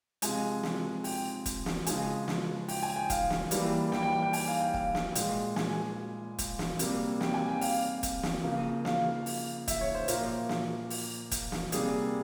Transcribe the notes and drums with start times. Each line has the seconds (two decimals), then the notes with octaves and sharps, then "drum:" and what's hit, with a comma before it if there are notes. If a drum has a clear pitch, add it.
0.22 C3 F3 G#3 G#5, drum: hi-hat
0.63 drum: snare
1.04 G5, drum: open hi-hat
1.46 drum: kick, hi-hat
1.66 drum: snare
1.86 C#3 F3 G#3 G#5, drum: hi-hat
2.28 drum: snare
2.68 G5, drum: open hi-hat
2.83 G#5
2.96 G5
3.10 F5, drum: kick, hi-hat
3.30 drum: snare
3.51 E3 G3 A#3, drum: hi-hat
3.92 G5, drum: snare
4.02 G5
4.13 G5
4.23 G5
4.33 G#5, drum: open hi-hat
4.47 F5
4.60 G5
4.74 F5, drum: kick
4.95 drum: snare
5.15 A#2 G#3, drum: hi-hat
5.56 G#5, drum: snare
6.38 drum: kick, hi-hat
6.59 drum: snare
6.79 C3 G3 A#3, drum: hi-hat
7.21 G5, drum: snare
7.34 G#5
7.48 G5
7.61 F5, drum: open hi-hat
8.03 drum: kick, hi-hat
8.23 drum: snare
8.44 C#3 F3 A#3
8.85 F5, drum: snare
9.26 drum: open hi-hat
9.68 E5, drum: kick, hi-hat
9.81 C#5
9.95 C5
10.08 A#2 F3 A#3 A#4, drum: hi-hat
10.49 drum: snare
10.90 drum: open hi-hat
11.31 drum: kick, hi-hat
11.52 drum: snare
11.72 C3 G3 A#3 G#4, drum: hi-hat